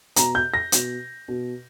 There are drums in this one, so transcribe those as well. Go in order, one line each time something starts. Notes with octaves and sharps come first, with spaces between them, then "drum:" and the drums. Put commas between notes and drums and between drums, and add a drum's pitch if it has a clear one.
B2 A#5, drum: hi-hat
G6
A#6
B2, drum: hi-hat
B2